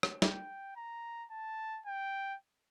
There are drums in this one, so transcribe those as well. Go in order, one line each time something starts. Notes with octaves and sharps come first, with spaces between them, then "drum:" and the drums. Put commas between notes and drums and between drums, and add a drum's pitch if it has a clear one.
drum: rim click
G5, drum: snare
A#5
A5
G5